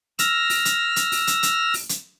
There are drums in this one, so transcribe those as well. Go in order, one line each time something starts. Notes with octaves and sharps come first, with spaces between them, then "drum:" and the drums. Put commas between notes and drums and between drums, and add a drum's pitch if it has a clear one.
E6 F6 A#6, drum: hi-hat
drum: open hi-hat
drum: hi-hat
drum: hi-hat
drum: open hi-hat
drum: hi-hat
drum: hi-hat
drum: open hi-hat
drum: hi-hat